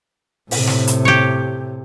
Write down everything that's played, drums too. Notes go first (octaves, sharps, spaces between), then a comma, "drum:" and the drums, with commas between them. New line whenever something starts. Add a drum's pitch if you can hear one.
A2 C3, drum: open hi-hat
drum: snare
drum: hi-hat
G4 C#5